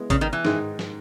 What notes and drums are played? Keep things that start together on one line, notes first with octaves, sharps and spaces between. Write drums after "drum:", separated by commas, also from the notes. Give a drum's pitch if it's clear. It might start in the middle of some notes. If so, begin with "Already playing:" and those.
Already playing: G#3 B3 E4
C#3, drum: kick G#1, hi-hat
D#3
E3
G#2 D#3 G#3 D#4, drum: snare
drum: snare